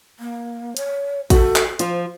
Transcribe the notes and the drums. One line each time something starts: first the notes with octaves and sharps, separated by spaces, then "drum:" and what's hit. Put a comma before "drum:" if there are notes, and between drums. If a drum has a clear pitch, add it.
A#3
C#5, drum: hi-hat
F#4 A4, drum: kick, hi-hat
drum: clap
F3 F4 C5, drum: hi-hat